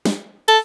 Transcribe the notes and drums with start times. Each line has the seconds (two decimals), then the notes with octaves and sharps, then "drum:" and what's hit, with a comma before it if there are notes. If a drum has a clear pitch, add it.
0.05 drum: snare
0.48 A4, drum: cymbal